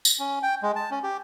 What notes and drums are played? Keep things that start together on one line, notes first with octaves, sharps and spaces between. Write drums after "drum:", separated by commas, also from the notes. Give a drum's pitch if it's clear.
drum: tambourine
C#4
G5
G#3
A5
C#4
G4